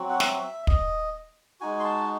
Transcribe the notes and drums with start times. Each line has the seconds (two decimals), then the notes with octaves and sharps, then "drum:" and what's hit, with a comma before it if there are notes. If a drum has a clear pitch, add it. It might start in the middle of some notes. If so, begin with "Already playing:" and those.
Already playing: F#3 C4 F#4
0.10 F#5
0.20 E5, drum: snare
0.67 D#5, drum: kick
1.61 G#3 D#4 F#4 G#5
1.79 C6
1.84 A5